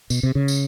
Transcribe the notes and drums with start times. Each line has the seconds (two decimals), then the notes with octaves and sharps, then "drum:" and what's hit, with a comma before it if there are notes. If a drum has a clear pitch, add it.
0.10 B2, drum: tambourine
0.23 C3
0.35 C#3
0.48 drum: tambourine